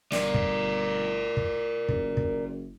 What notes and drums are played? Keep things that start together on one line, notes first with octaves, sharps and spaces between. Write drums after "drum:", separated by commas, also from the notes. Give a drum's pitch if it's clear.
G1 A#4 D5, drum: snare
drum: kick
drum: kick
F#1, drum: kick
drum: kick